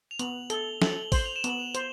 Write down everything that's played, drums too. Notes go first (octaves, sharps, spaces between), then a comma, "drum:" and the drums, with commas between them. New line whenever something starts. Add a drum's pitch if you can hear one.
F7
B3 F#7, drum: hi-hat
A4 G7, drum: hi-hat
A4 F#7, drum: snare
C5 F#7, drum: kick A1, open hi-hat
F7
E7
B3, drum: hi-hat
F#7
F7
C5, drum: hi-hat